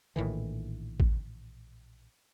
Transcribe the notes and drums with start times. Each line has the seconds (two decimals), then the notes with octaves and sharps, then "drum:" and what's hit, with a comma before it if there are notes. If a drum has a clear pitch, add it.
0.16 A#1 A2 D#3 E3
1.00 drum: kick A1